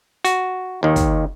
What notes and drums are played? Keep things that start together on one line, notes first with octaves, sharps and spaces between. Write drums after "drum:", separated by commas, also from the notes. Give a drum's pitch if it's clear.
F#4, drum: hi-hat
D#2 D#3
drum: kick, hi-hat